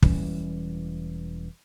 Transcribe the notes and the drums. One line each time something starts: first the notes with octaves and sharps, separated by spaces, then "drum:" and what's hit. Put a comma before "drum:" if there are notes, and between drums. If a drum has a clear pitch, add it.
E1 E3 G3 C#4, drum: kick